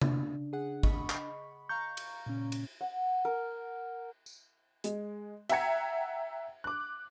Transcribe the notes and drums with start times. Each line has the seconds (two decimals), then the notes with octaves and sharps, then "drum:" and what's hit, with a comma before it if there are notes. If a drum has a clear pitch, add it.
0.02 C#3 D4, drum: tom C3
0.53 G#4 F#5
0.83 D#5 B5 C#6, drum: kick G#1
1.10 drum: clap
1.69 F5 A#5 C#6 G6
1.97 drum: cymbal
2.26 A#2 C#3 C#4
2.52 drum: cymbal
2.81 F#5
3.25 A#4
4.26 drum: tambourine
4.84 G#3, drum: hi-hat
5.49 E5 F#5 G5 A#5 G#6 C#7, drum: cymbal
6.64 D6 F#6